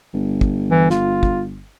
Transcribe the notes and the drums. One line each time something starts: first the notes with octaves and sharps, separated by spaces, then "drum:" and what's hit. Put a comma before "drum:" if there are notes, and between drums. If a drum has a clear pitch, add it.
G1
drum: kick
E3
F4, drum: snare
drum: kick